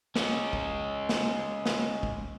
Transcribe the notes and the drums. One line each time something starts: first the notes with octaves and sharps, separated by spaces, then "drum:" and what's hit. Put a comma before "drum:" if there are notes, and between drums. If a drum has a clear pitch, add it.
G#3 C#4, drum: snare
drum: kick
drum: snare
drum: snare
drum: kick